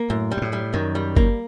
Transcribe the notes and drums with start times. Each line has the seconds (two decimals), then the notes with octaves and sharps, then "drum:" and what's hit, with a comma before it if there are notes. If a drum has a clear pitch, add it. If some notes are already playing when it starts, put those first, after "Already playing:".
Already playing: A#3
0.10 F#2 A2
0.31 G3
0.37 G2
0.42 A2
0.53 G3
0.74 F#2 D#3
0.95 G3
1.16 A#3, drum: kick G1